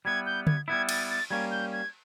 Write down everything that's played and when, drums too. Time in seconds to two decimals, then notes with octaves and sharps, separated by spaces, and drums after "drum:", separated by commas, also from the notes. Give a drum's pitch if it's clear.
0.05 G3 B3 E4 G#6
0.26 G6
0.47 G#6, drum: tom D3
0.68 G3 B3 E4 G#6
0.89 A6, drum: cymbal
1.10 A6
1.31 G3 A#3 C#4 G#6
1.51 G6
1.73 G#6